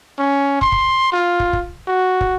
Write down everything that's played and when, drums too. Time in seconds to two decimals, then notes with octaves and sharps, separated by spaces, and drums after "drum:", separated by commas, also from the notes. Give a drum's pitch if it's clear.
0.19 C#4
0.61 C6, drum: kick
0.72 drum: kick
1.13 F4
1.40 drum: kick
1.53 drum: kick
1.88 F#4
2.21 drum: kick